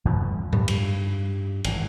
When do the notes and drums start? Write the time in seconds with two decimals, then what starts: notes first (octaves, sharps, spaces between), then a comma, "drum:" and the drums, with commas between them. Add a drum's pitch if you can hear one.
0.05 E2 G2 D3 F3
0.53 G2 G3, drum: tom A2
0.68 drum: cymbal
1.64 G#1 C3 E3, drum: cymbal